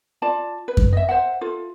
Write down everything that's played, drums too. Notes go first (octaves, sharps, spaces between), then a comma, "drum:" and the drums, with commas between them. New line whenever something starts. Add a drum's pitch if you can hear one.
F4 D5 A5
B4
drum: kick F#2
D#5 E5
C5 E5 F#5
F4 A4